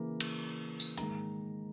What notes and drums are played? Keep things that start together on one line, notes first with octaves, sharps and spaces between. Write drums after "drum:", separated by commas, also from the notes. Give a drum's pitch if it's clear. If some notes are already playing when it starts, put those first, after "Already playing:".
Already playing: C#3 E3 A#3
drum: cymbal
drum: tambourine
G#2 D#3 A#3 A#5, drum: hi-hat